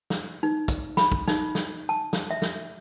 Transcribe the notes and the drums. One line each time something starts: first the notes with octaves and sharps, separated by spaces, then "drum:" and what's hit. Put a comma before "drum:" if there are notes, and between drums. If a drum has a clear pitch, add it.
drum: snare
D#4
drum: kick, hi-hat
B5, drum: snare
drum: kick
D#4, drum: snare
drum: snare
A5
drum: snare
E5
drum: snare